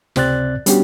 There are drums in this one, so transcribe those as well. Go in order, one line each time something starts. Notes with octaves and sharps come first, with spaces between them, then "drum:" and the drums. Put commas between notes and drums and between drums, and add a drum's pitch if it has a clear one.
C#2 C3 C4 D5 F#6 A6, drum: snare
G3 B3 C#4 D4 F#4 G4, drum: hi-hat